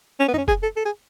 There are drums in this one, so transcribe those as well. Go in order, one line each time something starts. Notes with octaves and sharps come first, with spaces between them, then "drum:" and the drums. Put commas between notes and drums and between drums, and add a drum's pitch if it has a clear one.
C#4
B3
D#4, drum: tom F#2
C#4
G#4, drum: kick F1
A4
A4
G#4